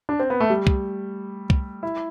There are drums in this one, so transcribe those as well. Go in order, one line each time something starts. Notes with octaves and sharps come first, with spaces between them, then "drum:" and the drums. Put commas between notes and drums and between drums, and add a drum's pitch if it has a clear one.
D4
C4
B3
A3
G3
drum: kick
drum: kick
E4